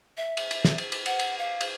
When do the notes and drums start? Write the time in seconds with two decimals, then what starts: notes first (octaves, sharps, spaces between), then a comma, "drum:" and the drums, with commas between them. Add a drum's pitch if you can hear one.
0.17 E5
0.37 drum: cymbal
0.51 drum: cymbal
0.65 drum: snare
0.78 drum: cymbal
0.92 drum: cymbal
1.06 F#5, drum: cymbal
1.19 drum: cymbal
1.39 F5
1.61 drum: cymbal